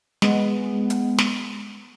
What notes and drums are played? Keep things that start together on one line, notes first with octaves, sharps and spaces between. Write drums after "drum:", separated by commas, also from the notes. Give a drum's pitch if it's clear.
G#3 B3, drum: snare
drum: hi-hat
drum: snare